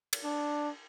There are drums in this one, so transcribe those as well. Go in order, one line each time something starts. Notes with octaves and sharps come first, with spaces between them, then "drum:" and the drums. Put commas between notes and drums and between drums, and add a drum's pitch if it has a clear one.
drum: cymbal
D4